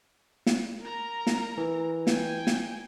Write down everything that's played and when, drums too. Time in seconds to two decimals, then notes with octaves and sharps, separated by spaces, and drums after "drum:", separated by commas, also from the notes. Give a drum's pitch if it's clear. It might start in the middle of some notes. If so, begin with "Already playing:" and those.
0.46 drum: snare
0.81 A#4 A#5
1.27 drum: snare
1.58 E3
2.07 G5 G#5, drum: snare
2.47 drum: snare